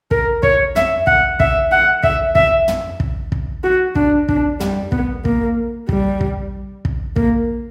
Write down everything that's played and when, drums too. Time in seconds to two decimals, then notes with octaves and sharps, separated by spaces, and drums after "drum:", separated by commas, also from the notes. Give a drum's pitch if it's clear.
0.11 A#4, drum: kick
0.43 C#5, drum: kick
0.76 E5, drum: tom
1.07 F#5, drum: kick
1.40 E5, drum: kick
1.72 F#5
2.03 E5, drum: kick
2.35 E5, drum: kick
2.68 drum: tom
3.00 drum: kick
3.32 drum: kick
3.64 F#4
3.95 D4, drum: kick
4.29 D4, drum: kick
4.60 G3, drum: tom
4.92 B3, drum: kick
5.25 A#3, drum: kick
5.89 G3, drum: kick
6.21 drum: kick
6.85 drum: kick
7.16 A#3, drum: kick